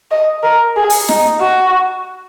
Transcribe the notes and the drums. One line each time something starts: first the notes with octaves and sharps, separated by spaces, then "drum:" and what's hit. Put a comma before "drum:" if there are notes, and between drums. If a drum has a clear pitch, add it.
D#5
A#4
G#4
drum: open hi-hat
D#4, drum: snare
F#4